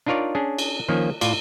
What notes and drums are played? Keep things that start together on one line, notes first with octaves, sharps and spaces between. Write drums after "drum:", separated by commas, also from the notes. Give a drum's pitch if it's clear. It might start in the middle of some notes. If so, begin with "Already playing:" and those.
D4 D#4 F4 A#4 C#5 D5
C#4 D4 G#4
drum: cymbal
D#3 F3 A#3 C#4
A2 F4 D5, drum: cymbal